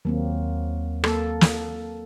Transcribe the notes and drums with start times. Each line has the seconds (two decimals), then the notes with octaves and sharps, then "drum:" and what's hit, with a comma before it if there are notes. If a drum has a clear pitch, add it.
0.05 D#2 F#3 A#3 C4
1.04 A#3 A4, drum: rim click
1.41 drum: snare